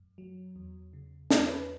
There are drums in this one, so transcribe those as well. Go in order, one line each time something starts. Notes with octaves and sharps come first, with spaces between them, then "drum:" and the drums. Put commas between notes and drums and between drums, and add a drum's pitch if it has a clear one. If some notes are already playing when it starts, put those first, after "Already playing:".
Already playing: F#2
F#3
E2
C#3
E2 C#5, drum: snare
B4